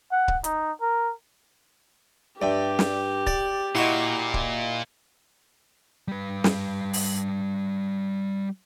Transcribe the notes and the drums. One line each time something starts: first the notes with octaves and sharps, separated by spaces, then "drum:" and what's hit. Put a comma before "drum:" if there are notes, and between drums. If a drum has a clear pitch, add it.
F#5
drum: kick C#1
D#4, drum: hi-hat
A#4
G2 G4 D5 E5 G5
drum: snare
D5 A6, drum: kick C#1
A#2 E4 F#4 D#5 F#5 C6
drum: kick C#1
G3 B4
drum: snare
drum: open hi-hat